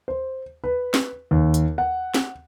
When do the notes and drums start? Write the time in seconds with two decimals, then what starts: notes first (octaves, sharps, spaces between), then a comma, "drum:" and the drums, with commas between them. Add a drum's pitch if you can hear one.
0.08 C5
0.64 B4
0.94 drum: snare
1.31 D#2
1.54 drum: hi-hat
1.78 F#5
2.14 drum: snare